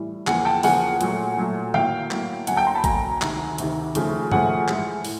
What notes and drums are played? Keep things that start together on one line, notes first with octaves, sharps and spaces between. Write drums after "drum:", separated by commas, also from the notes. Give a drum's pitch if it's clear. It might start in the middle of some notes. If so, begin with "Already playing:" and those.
Already playing: A2 E3 G3
E2 C#3 F3 A#3 F#5 G#5, drum: clap
G5 A5
E2 C#3 F3 A#3 F#5 G#5, drum: open hi-hat
A#2 F#3 A3, drum: hi-hat
A#2 F#3 A3
A2 F#3 A#3 F5 G5, drum: tom D3
A2 F#3 A#3, drum: clap
D2 D3 F#3 A#3 F#5 G#5, drum: hi-hat
G5 A5
A#5 C6
A5 B5
D2 D3 F#3 A#3 G#5 A#5, drum: kick, hi-hat
D2 C3 D#3, drum: clap
D2 C3 D#3, drum: hi-hat
D#2 C#3 F3 A3, drum: hi-hat
D#2 C#3 F3 A3 F#5 G#5, drum: tom G2
A2 E3 G#3, drum: clap
A2, drum: open hi-hat